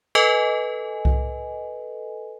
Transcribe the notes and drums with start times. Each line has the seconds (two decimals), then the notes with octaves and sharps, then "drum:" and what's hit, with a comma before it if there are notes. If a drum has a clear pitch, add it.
0.15 A4 B4 D#5 G#5
1.05 drum: kick C2